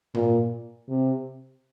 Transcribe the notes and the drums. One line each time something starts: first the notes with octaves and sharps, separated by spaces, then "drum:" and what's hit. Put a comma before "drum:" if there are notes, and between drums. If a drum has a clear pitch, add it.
A#2, drum: tom G#2
C3